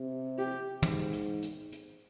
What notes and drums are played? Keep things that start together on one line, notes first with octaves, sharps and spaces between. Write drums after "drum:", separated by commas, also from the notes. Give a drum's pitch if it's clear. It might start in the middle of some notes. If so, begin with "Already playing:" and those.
Already playing: C3
G4
G#2, drum: tom
drum: hi-hat
drum: hi-hat
drum: hi-hat